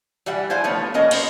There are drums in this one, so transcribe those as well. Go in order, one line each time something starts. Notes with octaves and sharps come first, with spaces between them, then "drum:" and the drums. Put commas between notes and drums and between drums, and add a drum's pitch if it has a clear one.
E3 G3 E5 F#5
E4 C5 F5 G#5
F3 A3 B3 F4 C#5
A#3 C#4 A#4 B4 D#5
C5, drum: cymbal